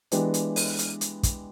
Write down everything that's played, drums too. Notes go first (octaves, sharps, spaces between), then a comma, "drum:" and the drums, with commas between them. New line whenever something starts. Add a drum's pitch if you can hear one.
E3 G#3 B3 D4 G4, drum: hi-hat
drum: hi-hat
drum: open hi-hat
drum: hi-hat
drum: hi-hat
drum: kick, hi-hat